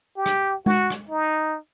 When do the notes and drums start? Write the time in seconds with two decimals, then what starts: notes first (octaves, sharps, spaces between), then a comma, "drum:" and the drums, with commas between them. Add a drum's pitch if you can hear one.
0.17 G4
0.26 drum: rim click
0.66 F#4, drum: tom G#3
0.90 drum: rim click
1.09 D#4